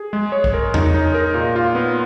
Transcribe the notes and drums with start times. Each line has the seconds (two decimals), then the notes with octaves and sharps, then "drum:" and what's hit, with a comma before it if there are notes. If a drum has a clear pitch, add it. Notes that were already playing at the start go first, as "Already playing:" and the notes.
Already playing: G#4
0.13 G#3
0.32 C#5
0.44 drum: kick
0.54 A#4
0.74 D#4, drum: tom E2
0.94 D#4
1.14 A#4
1.34 A#2
1.56 F4
1.75 B3